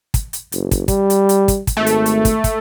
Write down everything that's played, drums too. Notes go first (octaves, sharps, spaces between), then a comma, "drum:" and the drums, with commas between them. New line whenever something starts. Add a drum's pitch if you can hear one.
drum: kick, hi-hat
drum: hi-hat
F#1, drum: hi-hat
drum: kick, hi-hat
G3, drum: kick, hi-hat
drum: hi-hat
drum: hi-hat
drum: kick, hi-hat
drum: kick, hi-hat
G#1 A3
drum: hi-hat
drum: hi-hat
drum: kick, hi-hat
drum: kick, hi-hat